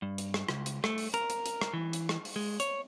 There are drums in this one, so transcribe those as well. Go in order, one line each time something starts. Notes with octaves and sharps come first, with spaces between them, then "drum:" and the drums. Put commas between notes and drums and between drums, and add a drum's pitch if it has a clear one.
G2
drum: hi-hat
drum: rim click
C#2, drum: rim click
drum: hi-hat
A3, drum: rim click
drum: open hi-hat
A#4, drum: hi-hat
drum: hi-hat
drum: hi-hat
drum: rim click
E3
drum: hi-hat
drum: rim click
drum: open hi-hat
G#3
C#5, drum: hi-hat